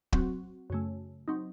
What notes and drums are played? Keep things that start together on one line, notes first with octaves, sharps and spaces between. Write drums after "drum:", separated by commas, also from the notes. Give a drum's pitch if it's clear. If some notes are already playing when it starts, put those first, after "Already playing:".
F#3 C4 F#4, drum: kick
F#2 C#3 A3
F#3 C4 D#4